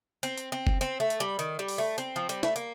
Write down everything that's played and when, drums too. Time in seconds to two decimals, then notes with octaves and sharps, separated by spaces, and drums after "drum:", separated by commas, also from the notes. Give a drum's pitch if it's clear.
0.23 C4, drum: hi-hat
0.38 drum: hi-hat
0.52 C4
0.67 drum: kick F#1
0.81 C4, drum: hi-hat
1.00 A3
1.10 drum: hi-hat
1.20 G3
1.39 D#3, drum: hi-hat
1.59 G3
1.68 drum: open hi-hat
1.78 A3
1.98 C4, drum: hi-hat
2.16 F3
2.29 G3, drum: hi-hat
2.43 A3, drum: snare
2.56 A#3, drum: hi-hat